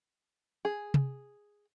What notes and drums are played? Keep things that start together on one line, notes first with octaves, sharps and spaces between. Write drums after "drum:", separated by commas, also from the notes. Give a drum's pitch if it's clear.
G#4
drum: tom C3